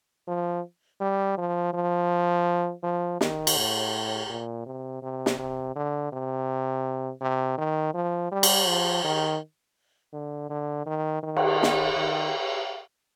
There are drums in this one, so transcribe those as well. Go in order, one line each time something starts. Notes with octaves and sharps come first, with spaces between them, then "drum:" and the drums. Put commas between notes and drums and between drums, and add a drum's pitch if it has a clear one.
F3
G3
F3
F3
F3
D#3, drum: snare
drum: cymbal
A2
A#2
C3
C3
drum: snare
C3
D3
C3
C3
D#3
F3
G3
drum: cymbal
F3
D#3
D3
D3
D#3
D#3
drum: cymbal
drum: snare
D#3